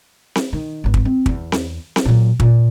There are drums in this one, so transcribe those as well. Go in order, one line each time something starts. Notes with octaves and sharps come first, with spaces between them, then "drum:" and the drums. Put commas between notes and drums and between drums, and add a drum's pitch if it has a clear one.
drum: snare C4
D#3
G#1 B3
drum: kick
C4
E2, drum: kick
drum: snare C4
drum: snare C4
A#2 F#3
A#2, drum: kick